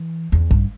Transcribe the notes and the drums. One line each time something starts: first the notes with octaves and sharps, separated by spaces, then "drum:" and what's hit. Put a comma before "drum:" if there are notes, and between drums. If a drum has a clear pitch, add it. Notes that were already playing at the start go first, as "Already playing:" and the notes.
Already playing: E3
E2
G2, drum: kick